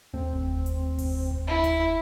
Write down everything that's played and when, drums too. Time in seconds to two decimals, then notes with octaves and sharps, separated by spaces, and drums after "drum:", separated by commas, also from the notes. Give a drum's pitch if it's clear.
0.13 D#2 A3 C4
0.33 drum: kick F1
0.66 drum: hi-hat
0.99 drum: kick F1, open hi-hat
1.31 drum: kick F1
1.47 E4
1.64 drum: kick F1, hi-hat